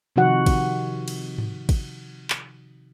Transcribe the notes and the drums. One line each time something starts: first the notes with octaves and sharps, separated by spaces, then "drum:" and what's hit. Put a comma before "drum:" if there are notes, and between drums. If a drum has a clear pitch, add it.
C3 D#3 F3 D#4 F#4 F#5
drum: kick, cymbal
drum: cymbal
drum: tom G#2
drum: kick, cymbal
drum: clap